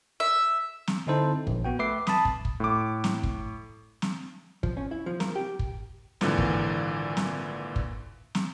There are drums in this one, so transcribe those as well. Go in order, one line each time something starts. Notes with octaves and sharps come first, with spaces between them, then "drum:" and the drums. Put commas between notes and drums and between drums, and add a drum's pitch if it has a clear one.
E5
drum: snare
D3 C4 D#4 E4 A4 C5
A#1, drum: kick
B3 F#4 G5
A3 B4 E5 D6 C7
A5 B5 D#6, drum: snare
drum: kick
drum: kick
A2 D6
drum: snare
drum: kick
drum: snare
F3, drum: kick
C#4
E4
F3
A#4, drum: snare
G4
drum: kick
G#1 A#2 D3 E3, drum: snare
drum: kick
drum: snare
drum: kick
drum: snare